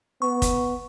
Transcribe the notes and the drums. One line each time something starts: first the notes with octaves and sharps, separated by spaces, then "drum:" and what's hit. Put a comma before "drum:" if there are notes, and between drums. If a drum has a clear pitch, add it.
B3 C#6
drum: kick, hi-hat